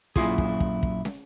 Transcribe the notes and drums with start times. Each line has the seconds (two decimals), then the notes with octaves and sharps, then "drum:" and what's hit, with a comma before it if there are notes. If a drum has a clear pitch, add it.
0.16 F#2 A#2 E4 F4 G#4, drum: kick
0.38 drum: kick
0.60 drum: kick
0.83 drum: kick
1.05 drum: snare